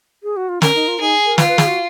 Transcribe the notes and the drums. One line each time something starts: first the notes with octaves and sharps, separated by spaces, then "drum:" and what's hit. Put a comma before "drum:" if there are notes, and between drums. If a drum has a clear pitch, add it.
G#4
F#4
F4
C#4 A#4, drum: snare
D#4
F4
D#4 G#4
A#4
F4 B4, drum: snare
B4
G#4, drum: snare
F#4